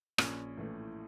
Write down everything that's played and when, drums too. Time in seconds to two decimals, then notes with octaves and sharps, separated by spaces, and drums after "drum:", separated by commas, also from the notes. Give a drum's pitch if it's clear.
0.18 A#1 C#4, drum: rim click
0.57 A2 E3 A3